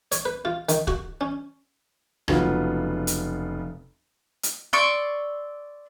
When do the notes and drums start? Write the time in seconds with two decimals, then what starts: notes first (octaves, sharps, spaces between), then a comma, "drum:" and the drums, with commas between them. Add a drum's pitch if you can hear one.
0.12 C#5, drum: hi-hat
0.25 B4
0.45 F4
0.69 D#3, drum: hi-hat
0.87 F#4, drum: kick
1.21 C#4
2.28 F1 C#3 F#3 B3 F4, drum: rim click
3.07 drum: hi-hat
4.43 drum: hi-hat
4.73 D5 C6 C#6 E6